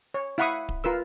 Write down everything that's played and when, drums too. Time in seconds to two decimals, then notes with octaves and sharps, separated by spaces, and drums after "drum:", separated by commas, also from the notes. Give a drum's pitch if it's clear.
0.14 C#5
0.38 E4 F5 F#5 B5 C#6 D#6
0.69 drum: kick D1
0.84 F4 A#4 B4 E6